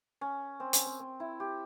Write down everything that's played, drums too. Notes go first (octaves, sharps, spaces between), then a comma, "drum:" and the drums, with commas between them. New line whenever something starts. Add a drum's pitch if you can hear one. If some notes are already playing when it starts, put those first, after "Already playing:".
C#4
C4
C#4, drum: hi-hat
C4
C4
E4
G4